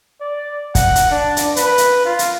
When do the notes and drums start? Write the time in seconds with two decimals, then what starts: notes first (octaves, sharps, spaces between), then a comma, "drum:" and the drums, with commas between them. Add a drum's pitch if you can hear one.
0.21 D5
0.75 F#5, drum: kick, hi-hat
0.95 drum: hi-hat
1.11 D4
1.37 drum: hi-hat
1.56 B4, drum: hi-hat
1.78 drum: hi-hat
2.05 F4
2.19 drum: hi-hat